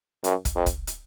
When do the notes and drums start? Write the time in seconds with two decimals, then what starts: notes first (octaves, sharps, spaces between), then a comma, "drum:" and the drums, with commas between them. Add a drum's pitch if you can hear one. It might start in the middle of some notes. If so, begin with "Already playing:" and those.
0.24 F#2, drum: hi-hat
0.45 drum: kick, hi-hat
0.55 F2
0.66 drum: kick, hi-hat
0.87 drum: hi-hat